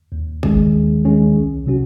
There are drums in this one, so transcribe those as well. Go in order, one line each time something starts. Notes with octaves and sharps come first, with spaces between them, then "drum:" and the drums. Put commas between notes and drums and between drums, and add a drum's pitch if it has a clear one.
D#2
D#3 G#3 C#4 G#4, drum: kick
D#2
D#3 G#3 C#4 G#4
C2
C3 F#3 C#4 F#4